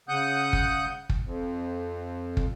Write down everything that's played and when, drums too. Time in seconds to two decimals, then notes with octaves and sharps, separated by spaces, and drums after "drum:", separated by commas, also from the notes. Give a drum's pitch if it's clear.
0.09 C#3 F#5 D#6 F#6 G6
0.53 drum: kick
1.09 drum: kick
1.24 F2
2.37 drum: kick